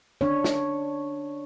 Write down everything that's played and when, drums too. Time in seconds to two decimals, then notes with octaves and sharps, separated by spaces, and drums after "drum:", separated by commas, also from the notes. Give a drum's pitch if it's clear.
0.21 D4 C#5, drum: tom D#3
0.44 drum: snare